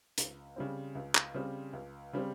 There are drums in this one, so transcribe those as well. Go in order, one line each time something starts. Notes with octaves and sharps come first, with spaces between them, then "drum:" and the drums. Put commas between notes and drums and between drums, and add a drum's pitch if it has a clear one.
C#2, drum: hi-hat
C#3 G3 C4
C#2
drum: clap
C#3 G3 C4
C#2
C#3 G3 C4